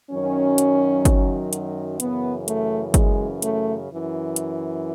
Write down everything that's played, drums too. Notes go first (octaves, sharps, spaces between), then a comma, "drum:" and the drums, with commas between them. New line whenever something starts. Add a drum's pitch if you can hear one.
F#2 D#3 F#3 C#4
drum: hi-hat
drum: kick, hi-hat
drum: hi-hat
F#2 C#3 E3 B3, drum: hi-hat
A3, drum: hi-hat
G#3, drum: kick, hi-hat
A3, drum: hi-hat
F#2 E3
drum: hi-hat